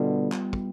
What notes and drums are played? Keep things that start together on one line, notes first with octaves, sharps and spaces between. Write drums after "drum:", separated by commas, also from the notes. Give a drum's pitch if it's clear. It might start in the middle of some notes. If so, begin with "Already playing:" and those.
Already playing: B2 D3 G3 B3 F4 D#5
drum: clap
drum: kick